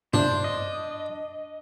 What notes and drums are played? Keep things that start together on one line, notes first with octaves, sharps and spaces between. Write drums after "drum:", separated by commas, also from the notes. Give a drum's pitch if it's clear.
D4 C5, drum: tom G2
D#5